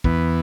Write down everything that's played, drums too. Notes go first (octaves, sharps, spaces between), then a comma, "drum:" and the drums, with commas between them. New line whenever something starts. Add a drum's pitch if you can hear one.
E2 E3 B3, drum: kick